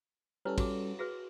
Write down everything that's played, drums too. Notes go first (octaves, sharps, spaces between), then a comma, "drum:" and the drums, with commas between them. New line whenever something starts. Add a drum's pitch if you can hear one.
G3 C#4 E4 A4 B4 C#5
F#4 D6, drum: kick, cymbal
F#4 G#4 B4 A#6